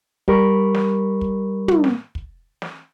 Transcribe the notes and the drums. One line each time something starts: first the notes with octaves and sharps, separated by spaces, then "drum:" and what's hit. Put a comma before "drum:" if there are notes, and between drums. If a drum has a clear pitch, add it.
G3 G4 A#4 B5 C#6, drum: kick
drum: snare
drum: kick
drum: tom
drum: snare
drum: kick
drum: snare